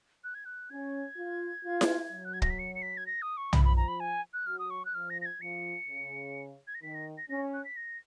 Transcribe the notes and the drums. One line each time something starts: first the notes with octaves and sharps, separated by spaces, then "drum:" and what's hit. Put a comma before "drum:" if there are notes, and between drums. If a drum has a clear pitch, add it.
F#6
G#6
F#6
C#4 G#6
F4
F4
drum: snare E4
F#3
F#6
G#6
A#6, drum: kick
B6
C#7
C#7
B6
G#6
A#6
D#6
C#6
F3 B5, drum: tom
B5
A#5
B5
G#5
F#6
F#3 F6
D#6
C#6
F#6
F3 F6
A#6
A#6
G#6
F3 C#7
C#3
G#6
A#6
D#3 B6
A#6
A#6
C#4 A#6
F#6
B6
A#6